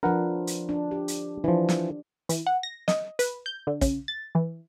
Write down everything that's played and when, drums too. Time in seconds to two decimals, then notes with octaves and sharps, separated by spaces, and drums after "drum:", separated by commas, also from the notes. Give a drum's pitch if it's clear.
0.03 F3 D4 A#4 B4 F#5
0.47 drum: hi-hat
0.69 D4
0.91 G4
1.08 drum: hi-hat
1.44 E3 F3 D4
1.69 drum: snare
2.29 E3, drum: hi-hat
2.46 F#5
2.63 A#6
2.88 D#5, drum: snare
3.19 B4, drum: hi-hat
3.46 G6
3.67 D3
3.81 C#3, drum: kick, hi-hat
4.08 A6
4.35 E3